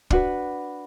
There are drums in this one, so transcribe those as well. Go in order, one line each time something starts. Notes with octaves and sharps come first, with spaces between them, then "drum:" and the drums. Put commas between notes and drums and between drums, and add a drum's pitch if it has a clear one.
D4 F#4 B4, drum: kick